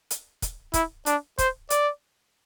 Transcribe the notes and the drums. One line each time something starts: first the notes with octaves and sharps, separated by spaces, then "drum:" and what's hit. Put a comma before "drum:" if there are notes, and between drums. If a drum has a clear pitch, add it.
drum: hi-hat
drum: kick, hi-hat
E4, drum: kick, hi-hat
D4, drum: hi-hat
C5, drum: kick, hi-hat
D5, drum: hi-hat